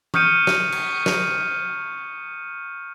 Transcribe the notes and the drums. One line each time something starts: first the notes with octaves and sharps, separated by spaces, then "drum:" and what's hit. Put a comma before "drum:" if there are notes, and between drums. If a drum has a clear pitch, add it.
C#6 D#6 F6 G6 C#7 D#7, drum: tom E3
drum: snare
drum: cymbal
drum: snare